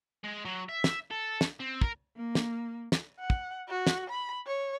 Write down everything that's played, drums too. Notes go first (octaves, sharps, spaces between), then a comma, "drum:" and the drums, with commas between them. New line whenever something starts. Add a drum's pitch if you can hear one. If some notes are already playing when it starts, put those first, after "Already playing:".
G#3
F#3
E5
drum: snare
A4
drum: snare
C4
A#4, drum: kick
A#3
drum: snare
drum: snare
F#5
drum: kick
F#4
drum: snare
B5
C#5